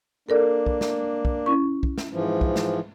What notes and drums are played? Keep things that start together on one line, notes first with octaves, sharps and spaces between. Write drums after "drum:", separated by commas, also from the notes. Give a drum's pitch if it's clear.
A#3 D4 A4 A#4 D5
drum: kick
drum: snare
drum: kick
C#4 E4 C#6
drum: kick
drum: snare
G#2 E3 F3
drum: kick
drum: snare